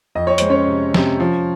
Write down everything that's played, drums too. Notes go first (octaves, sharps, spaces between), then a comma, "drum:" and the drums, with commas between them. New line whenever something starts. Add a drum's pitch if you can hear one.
F2 D#5
C#5
G#3 C5, drum: hi-hat
C#4 C#5
C3
C3, drum: snare
F3